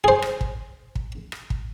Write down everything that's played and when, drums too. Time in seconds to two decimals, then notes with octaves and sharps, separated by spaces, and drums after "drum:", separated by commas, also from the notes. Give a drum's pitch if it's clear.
0.04 G#4 C5
0.22 drum: rim click
0.41 drum: kick
0.95 drum: kick
1.32 drum: rim click
1.50 drum: kick